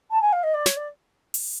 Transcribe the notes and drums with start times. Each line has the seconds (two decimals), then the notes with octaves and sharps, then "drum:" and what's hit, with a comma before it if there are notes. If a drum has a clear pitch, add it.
0.11 A5
0.22 G#5
0.33 F5
0.44 D#5
0.54 D5
0.66 C#5, drum: snare
0.77 D5
1.34 drum: open hi-hat